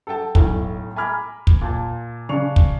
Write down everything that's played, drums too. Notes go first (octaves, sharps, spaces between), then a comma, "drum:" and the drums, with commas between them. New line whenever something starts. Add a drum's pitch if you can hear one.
A4 F#5 G5 A5
B1 A2, drum: kick
G#5 A#5 B5 D6 F6 G#6
drum: kick
A#2 A5
C#3 D4 D5 C#6 F7
drum: kick